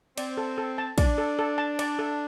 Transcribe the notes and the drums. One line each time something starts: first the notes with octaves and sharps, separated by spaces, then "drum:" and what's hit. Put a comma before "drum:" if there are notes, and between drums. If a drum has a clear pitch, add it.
C4 D5, drum: cymbal
A4
A4
A5
D4 D5, drum: kick, cymbal
A4
A4
A5
D5, drum: cymbal
A4